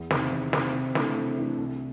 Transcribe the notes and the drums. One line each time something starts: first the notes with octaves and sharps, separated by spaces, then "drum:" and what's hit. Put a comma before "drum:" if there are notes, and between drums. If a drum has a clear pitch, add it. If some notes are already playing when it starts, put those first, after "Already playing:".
Already playing: E2
C3 D#3, drum: snare
E2
C3 D#3, drum: snare
C3
E3 A3 D4, drum: snare
C3
E3 A3 D4
C2